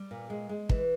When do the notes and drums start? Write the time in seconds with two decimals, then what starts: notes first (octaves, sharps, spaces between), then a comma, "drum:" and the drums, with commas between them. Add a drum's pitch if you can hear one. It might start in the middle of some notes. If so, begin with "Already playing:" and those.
Already playing: G3
0.11 A#2
0.30 G#3
0.49 G#3
0.69 E3, drum: kick